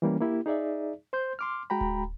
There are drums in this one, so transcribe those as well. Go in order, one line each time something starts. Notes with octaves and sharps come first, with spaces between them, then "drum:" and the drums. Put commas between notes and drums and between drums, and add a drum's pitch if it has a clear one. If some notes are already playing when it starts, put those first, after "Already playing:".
E3 G3 A#3 C#4
A#3 E4 G4
D#4 G#4 D5 E5
C5 C6 G6
C6 D6 F6
G#3 F#4 G5 A#5 B5
drum: kick D1